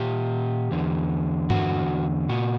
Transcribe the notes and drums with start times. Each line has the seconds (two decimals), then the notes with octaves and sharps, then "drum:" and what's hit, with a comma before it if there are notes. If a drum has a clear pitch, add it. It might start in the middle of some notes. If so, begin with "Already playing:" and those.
Already playing: A#2 G4
0.71 E2 D3
1.50 E2 D3 F#4, drum: tom G2
2.29 A#2 F#4